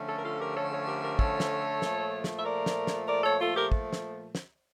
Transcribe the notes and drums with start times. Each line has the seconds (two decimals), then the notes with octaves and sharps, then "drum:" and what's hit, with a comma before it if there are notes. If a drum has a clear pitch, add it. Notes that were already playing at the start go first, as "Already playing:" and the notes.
Already playing: D3 F3 A3 C#4
0.08 A4 C#5
0.18 A#4
0.24 F4 A4
0.40 G4 A#4
0.56 A4 C#5
0.72 A4 C#5
0.87 G4 A#4
1.03 G4 A#4
1.19 A4 C#5, drum: kick
1.40 drum: snare
1.82 A#2 F3 A3, drum: snare
2.24 drum: snare
2.38 E5
2.45 A#4 D5
2.66 drum: snare
2.87 drum: snare
3.08 A#4 D5
3.24 A4 C#5
3.41 F4 A4
3.56 G4 A#4
3.72 drum: kick
3.93 drum: snare
4.35 drum: snare